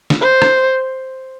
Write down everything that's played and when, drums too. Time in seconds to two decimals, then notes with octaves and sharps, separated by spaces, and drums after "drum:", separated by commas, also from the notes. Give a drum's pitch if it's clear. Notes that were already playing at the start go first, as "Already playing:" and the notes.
0.10 drum: snare
0.21 C5
0.42 drum: rim click